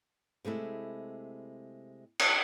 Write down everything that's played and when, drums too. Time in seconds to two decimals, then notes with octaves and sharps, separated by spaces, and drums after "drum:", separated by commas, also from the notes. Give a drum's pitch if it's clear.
0.45 C3 G#3 A3 E4
2.19 drum: cymbal